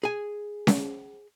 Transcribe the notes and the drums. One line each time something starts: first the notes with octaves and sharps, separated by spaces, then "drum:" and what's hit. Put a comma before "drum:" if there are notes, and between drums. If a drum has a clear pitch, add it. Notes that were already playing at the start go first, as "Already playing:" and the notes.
G#4 G#5
drum: snare C#4